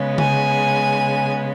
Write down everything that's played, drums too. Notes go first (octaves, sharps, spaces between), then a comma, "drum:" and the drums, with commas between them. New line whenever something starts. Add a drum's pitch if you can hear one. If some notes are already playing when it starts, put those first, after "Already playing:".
Already playing: C#3 G#3 B3
G#5, drum: tom C#3